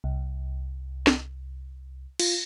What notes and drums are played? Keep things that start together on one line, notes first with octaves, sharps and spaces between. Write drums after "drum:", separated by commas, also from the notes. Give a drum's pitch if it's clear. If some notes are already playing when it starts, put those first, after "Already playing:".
C2
drum: snare
F4, drum: cymbal